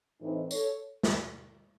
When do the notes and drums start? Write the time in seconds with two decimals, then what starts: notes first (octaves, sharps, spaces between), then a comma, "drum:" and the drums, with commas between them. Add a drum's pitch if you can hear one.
0.21 A2 E3 C4 D#4
0.51 A4 C#5, drum: tambourine
1.03 drum: snare